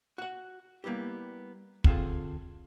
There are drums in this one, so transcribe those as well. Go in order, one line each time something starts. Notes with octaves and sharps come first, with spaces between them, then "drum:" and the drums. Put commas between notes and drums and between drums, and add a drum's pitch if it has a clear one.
F#4 F#5
G3 A#3 B3 E4 G4
D3 C4 F4 G#4 A4, drum: kick